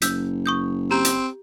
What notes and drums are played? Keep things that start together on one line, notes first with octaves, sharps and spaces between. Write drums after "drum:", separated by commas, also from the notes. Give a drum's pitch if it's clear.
F#1 E6 G6 B6, drum: hi-hat
C#6 D#6 G6
C4 G4 A#5 G6
drum: hi-hat